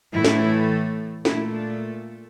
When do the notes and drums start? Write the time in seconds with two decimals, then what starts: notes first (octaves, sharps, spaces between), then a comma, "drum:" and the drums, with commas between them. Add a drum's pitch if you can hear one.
0.13 A2 E3 A3 E4
0.25 drum: snare
1.25 A#2 A3 E4, drum: snare
1.53 D4